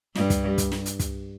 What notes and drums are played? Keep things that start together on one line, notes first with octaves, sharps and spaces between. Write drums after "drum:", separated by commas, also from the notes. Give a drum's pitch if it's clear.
G2 G3, drum: snare
drum: kick, hi-hat
drum: kick, hi-hat
drum: snare
drum: hi-hat
drum: kick, hi-hat